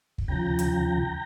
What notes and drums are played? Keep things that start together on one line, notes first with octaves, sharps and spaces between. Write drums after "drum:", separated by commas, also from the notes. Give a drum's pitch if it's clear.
drum: kick
D#2 C#3 F3 G5 A#5
drum: hi-hat